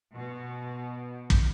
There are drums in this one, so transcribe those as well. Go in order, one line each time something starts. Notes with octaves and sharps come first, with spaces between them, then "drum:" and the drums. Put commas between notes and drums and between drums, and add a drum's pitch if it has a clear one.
B2
drum: kick